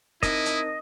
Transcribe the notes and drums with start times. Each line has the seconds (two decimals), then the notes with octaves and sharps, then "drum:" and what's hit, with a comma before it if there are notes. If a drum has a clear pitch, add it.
0.23 C4 D#4 E4 A#4 D#5, drum: kick, hi-hat
0.46 drum: hi-hat